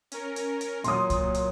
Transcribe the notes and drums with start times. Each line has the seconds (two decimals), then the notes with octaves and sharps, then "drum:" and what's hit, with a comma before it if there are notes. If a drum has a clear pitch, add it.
0.12 C#4 A#4, drum: hi-hat
0.36 drum: hi-hat
0.61 drum: hi-hat
0.84 A#2 F#3 C6 D#6, drum: hi-hat
1.10 drum: kick C2, hi-hat
1.34 drum: hi-hat